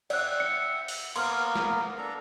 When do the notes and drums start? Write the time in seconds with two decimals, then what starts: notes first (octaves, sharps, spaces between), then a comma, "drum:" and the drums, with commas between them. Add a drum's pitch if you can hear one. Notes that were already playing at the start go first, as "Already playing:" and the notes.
0.10 D5 E5 F#5 G5 F#6, drum: cymbal
0.40 C#7
0.88 drum: open hi-hat
1.16 A#3 B3 A#4 C6 F6, drum: cymbal
1.55 drum: snare
1.98 D4 A4 A#5